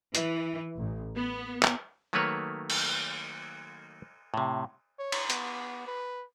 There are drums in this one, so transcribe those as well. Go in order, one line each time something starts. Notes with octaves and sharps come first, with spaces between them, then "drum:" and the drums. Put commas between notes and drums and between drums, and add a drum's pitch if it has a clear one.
E3, drum: hi-hat
A1
B3
drum: clap
D#3 F#3 A3 A#3 B4 C#5
drum: cymbal
A2 C3
C#5
drum: cymbal
B3, drum: hi-hat
B4